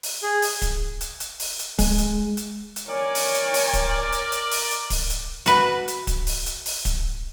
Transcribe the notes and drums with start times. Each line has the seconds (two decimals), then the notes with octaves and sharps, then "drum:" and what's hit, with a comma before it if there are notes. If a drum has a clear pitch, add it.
0.03 drum: open hi-hat
0.23 G#4
0.42 drum: open hi-hat
0.62 drum: kick D1, hi-hat
1.01 drum: hi-hat
1.20 drum: hi-hat
1.40 drum: open hi-hat
1.59 drum: hi-hat
1.78 G#3, drum: kick D1, open hi-hat
1.98 drum: hi-hat
2.37 drum: hi-hat
2.76 drum: hi-hat
2.87 A#4 C#5 D5 G#5
3.15 drum: open hi-hat
3.34 drum: hi-hat
3.54 drum: open hi-hat
3.73 drum: kick D1, hi-hat
4.12 drum: hi-hat
4.32 drum: hi-hat
4.51 drum: open hi-hat
4.71 drum: hi-hat
4.90 drum: kick D1, open hi-hat
5.10 drum: hi-hat
5.46 F#4 B4, drum: hi-hat
5.88 drum: hi-hat
6.07 drum: kick D1, hi-hat
6.27 drum: open hi-hat
6.46 drum: hi-hat
6.66 drum: open hi-hat
6.85 drum: kick D1, hi-hat